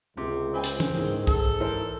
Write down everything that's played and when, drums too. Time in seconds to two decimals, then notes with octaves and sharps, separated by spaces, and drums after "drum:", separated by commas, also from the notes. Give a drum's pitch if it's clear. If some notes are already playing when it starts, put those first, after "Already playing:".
0.17 C#2 C3
0.54 C4 G5 G#5 B5
0.64 drum: hi-hat
0.80 drum: tom
0.95 G#2 D#3 E3 G#3
1.27 A4 E6, drum: kick
1.60 E3 A#4 C5